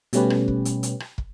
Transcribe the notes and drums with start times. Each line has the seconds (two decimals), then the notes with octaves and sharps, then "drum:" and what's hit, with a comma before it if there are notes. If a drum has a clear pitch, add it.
0.13 B2 G3 A3 C#4 G4 B4, drum: hi-hat
0.30 drum: rim click
0.48 drum: kick
0.65 drum: hi-hat
0.83 drum: hi-hat
1.00 drum: rim click
1.18 drum: kick